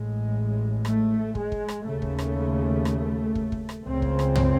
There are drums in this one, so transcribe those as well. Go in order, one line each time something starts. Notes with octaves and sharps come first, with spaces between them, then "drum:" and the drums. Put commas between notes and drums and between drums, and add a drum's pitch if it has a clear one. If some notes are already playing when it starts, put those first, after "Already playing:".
Already playing: A1 A2 G#3
A3, drum: rim click
G#3, drum: kick
drum: kick
drum: rim click
D#2 C#3 A3
drum: kick
drum: rim click
drum: rim click
drum: kick
drum: kick
drum: rim click
C#2 C#3 C4
drum: kick
drum: rim click
drum: tom